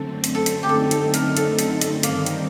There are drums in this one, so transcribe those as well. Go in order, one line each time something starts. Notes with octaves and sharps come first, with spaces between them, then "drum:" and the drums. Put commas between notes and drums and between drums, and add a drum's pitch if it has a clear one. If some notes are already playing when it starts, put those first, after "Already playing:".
Already playing: F#2 D3 A3 C4 A4
drum: hi-hat
A4
drum: hi-hat
G4
F#2 D3 A3 C4 D#4 A4
A4, drum: hi-hat
A#4, drum: hi-hat
A4, drum: hi-hat
A4, drum: hi-hat
A4, drum: hi-hat
G2 D#3 G3 A#3 C4 D#4, drum: hi-hat
drum: hi-hat